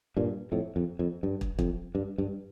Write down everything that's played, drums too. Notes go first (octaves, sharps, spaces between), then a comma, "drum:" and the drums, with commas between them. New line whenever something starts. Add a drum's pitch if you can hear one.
G2 A#2
F2 A2
F2
F2
G2
drum: kick
F2, drum: kick
G2
G2